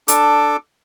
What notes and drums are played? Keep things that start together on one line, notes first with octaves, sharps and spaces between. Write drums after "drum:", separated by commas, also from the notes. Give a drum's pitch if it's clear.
D4 A4 D6, drum: hi-hat